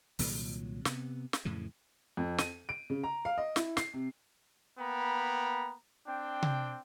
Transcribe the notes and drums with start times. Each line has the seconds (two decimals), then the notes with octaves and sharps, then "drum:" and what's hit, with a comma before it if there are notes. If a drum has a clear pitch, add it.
0.19 C2 A#2 D#3 F#3, drum: open hi-hat
0.85 C3 B3, drum: snare
1.33 drum: snare
1.45 F2 A2 C#3 E3
2.17 F2
2.38 D#7, drum: snare
2.69 D7
2.90 C#3
3.04 A#5
3.25 F5
3.38 D#5
3.56 E4, drum: snare
3.77 C7, drum: snare
3.94 C3
4.79 A#3 B3 G5 A#5 B5
6.07 C4 D4 G5
6.43 drum: tom C3